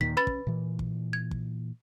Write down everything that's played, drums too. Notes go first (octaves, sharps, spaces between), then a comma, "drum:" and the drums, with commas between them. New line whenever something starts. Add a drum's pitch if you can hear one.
D#2 A#2 D#3 B6
C#4 B4 B5 A6
drum: kick
A#2 E3
drum: kick
G#6
drum: kick